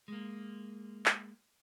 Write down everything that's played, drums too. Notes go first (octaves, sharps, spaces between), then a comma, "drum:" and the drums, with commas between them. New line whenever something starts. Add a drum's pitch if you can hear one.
G#3 A#3
drum: clap